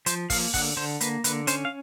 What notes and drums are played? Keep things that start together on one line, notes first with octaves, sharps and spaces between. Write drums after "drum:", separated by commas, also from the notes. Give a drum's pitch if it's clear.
F3 C5, drum: hi-hat
A#3 F5, drum: kick, open hi-hat
D3 F#5, drum: kick, open hi-hat
D3 C5
A#3 B4, drum: hi-hat
D3 B4, drum: hi-hat
C#4 C5, drum: hi-hat
F5